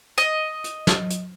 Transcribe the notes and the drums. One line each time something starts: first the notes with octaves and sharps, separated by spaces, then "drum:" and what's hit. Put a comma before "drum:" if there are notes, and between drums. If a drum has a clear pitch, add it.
D#5, drum: hi-hat
drum: hi-hat
drum: snare
drum: hi-hat